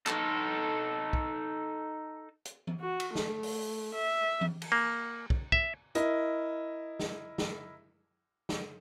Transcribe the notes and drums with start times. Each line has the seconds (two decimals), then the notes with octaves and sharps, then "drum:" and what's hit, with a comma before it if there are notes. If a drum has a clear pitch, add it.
0.07 D#4 A4, drum: clap
1.13 drum: kick
2.45 drum: hi-hat
2.67 drum: tom E3
2.81 F#4
3.00 drum: cymbal
3.15 A3, drum: snare
3.43 drum: open hi-hat
3.95 E5
4.41 drum: tom E3
4.62 drum: cymbal
4.72 A#3
5.30 drum: kick
5.52 E5, drum: kick
5.95 E4 A#4 D#5, drum: hi-hat
6.99 drum: snare
7.38 drum: snare
8.49 drum: snare